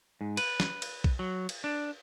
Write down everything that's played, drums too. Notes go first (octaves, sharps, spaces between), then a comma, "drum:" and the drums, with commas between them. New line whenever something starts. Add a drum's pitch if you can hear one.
G#2
B4, drum: cymbal
drum: snare
drum: cymbal
drum: kick B1
F#3
drum: cymbal
D4